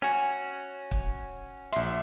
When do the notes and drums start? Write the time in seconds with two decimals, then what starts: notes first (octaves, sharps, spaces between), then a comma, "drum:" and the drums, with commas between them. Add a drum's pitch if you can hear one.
0.02 C#4 F#4 G#5
0.91 drum: kick
1.72 A#1 E5 C6, drum: hi-hat